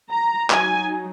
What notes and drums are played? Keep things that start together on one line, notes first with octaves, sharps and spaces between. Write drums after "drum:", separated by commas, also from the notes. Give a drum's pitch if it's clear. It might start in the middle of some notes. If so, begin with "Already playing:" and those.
A#5
F#3 D#4 G#5, drum: clap